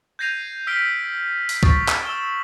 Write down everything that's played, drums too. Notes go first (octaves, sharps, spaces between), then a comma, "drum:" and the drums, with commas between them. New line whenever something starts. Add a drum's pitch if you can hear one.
G6 G#6 A#6 C7 D#7 F7
E6 F6 B6 C7 D7 G7
drum: open hi-hat
C#6 D#6 A6 B6, drum: kick
drum: clap
E6 E7 G7